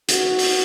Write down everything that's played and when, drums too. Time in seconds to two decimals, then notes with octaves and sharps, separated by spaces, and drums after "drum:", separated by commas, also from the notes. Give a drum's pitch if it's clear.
0.09 F#4, drum: hi-hat
0.39 drum: open hi-hat